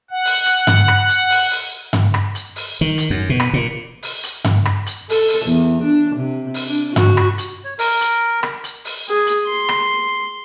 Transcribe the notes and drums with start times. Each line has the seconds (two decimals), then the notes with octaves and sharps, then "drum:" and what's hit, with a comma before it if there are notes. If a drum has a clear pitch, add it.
0.10 F#5
0.25 drum: open hi-hat
0.46 drum: hi-hat
0.67 drum: tom G2
0.88 drum: rim click
1.09 drum: hi-hat
1.30 drum: open hi-hat
1.51 drum: open hi-hat
1.93 drum: tom G2
2.14 drum: rim click
2.35 drum: hi-hat
2.56 drum: open hi-hat
2.81 D#3
2.98 drum: hi-hat
3.10 F#2
3.29 B2
3.40 drum: rim click
3.53 A#2
4.03 drum: open hi-hat
4.24 drum: hi-hat
4.44 drum: tom G2
4.65 drum: rim click
4.86 drum: hi-hat
5.10 A4, drum: open hi-hat
5.28 drum: open hi-hat
5.46 E2
5.83 D4
6.15 C3
6.54 drum: open hi-hat
6.67 D4
6.96 F#4, drum: tom G2
7.17 drum: rim click
7.38 drum: hi-hat
7.64 C#5
7.79 A#4, drum: open hi-hat
8.01 drum: hi-hat
8.43 drum: rim click
8.64 drum: hi-hat
8.85 drum: open hi-hat
9.09 G#4
9.27 drum: hi-hat
9.47 C6
9.69 drum: rim click